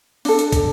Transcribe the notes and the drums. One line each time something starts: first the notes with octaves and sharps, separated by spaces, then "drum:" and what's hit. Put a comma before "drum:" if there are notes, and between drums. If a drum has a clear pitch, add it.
D4 A4, drum: open hi-hat
drum: hi-hat
drum: kick, hi-hat